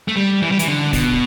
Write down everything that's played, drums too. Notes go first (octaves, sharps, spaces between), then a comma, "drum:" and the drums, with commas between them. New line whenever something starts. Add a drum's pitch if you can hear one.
A3
G3
E3
G3
E3, drum: hi-hat
D3
B2, drum: kick, open hi-hat